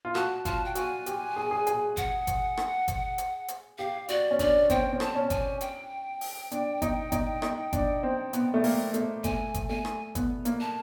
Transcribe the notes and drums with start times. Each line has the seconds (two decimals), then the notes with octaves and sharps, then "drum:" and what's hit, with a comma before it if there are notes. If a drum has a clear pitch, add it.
0.05 F4
0.15 F#4 A5, drum: rim click
0.45 F4 A5, drum: kick G1, hi-hat
0.65 G5
0.75 F#4 G#5, drum: hi-hat
1.06 G4, drum: hi-hat
1.36 G#4
1.51 G#4
1.67 G#4, drum: hi-hat
1.97 F#5, drum: kick G1, hi-hat
2.27 drum: kick G1, hi-hat
2.57 drum: rim click
2.88 drum: kick G1, hi-hat
3.18 drum: hi-hat
3.48 drum: hi-hat
3.78 G4 F5
4.08 F#4 D5, drum: hi-hat
4.31 C#4
4.39 D4 D5, drum: kick G1, hi-hat
4.70 C4 G5, drum: kick G1, hi-hat
4.80 C#4
4.92 C4
5.00 A5, drum: rim click
5.15 C#4
5.30 G#5, drum: kick G1, hi-hat
5.61 G5, drum: hi-hat
6.21 drum: open hi-hat
6.51 D4, drum: hi-hat
6.82 D#4, drum: kick G1, hi-hat
7.12 D#4, drum: kick G1, hi-hat
7.42 D#4, drum: rim click
7.73 D4, drum: kick G1, hi-hat
8.03 C4
8.33 B3, drum: hi-hat
8.54 A3
8.64 A#3, drum: open hi-hat
8.94 A3, drum: hi-hat
9.24 A3 G#5, drum: kick G1, hi-hat
9.54 drum: kick G1, hi-hat
9.69 A3 G#5
9.85 drum: rim click
10.15 B3, drum: kick G1, hi-hat
10.45 A#3, drum: hi-hat
10.61 A5